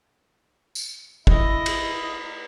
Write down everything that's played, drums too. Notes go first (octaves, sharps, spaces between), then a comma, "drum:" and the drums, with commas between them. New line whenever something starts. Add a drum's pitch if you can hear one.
drum: tambourine
E4 D#5, drum: kick
drum: cymbal